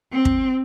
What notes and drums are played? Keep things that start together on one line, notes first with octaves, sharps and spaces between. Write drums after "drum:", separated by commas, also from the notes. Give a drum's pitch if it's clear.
C4
drum: kick